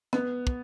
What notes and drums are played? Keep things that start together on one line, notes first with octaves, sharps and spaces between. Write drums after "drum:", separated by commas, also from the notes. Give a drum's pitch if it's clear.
B3, drum: rim click
drum: kick